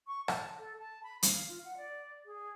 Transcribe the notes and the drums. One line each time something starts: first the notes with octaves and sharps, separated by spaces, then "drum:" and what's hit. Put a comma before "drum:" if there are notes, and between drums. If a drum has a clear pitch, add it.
C#6
A5, drum: rim click
A4
A5
B5
F5, drum: hi-hat
F4
F#5
D5
G#4